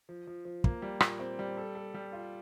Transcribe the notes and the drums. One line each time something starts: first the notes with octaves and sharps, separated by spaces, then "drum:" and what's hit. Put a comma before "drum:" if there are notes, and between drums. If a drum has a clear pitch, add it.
F3
F3
F3
A#3, drum: kick
G3
A#2, drum: rim click
C4
G3
A4
A4
G3
F4